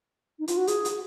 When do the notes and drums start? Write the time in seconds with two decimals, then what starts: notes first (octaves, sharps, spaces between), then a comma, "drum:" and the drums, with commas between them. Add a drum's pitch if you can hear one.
0.39 D#4
0.48 F4, drum: hi-hat
0.57 F#4
0.67 G#4, drum: hi-hat
0.85 drum: hi-hat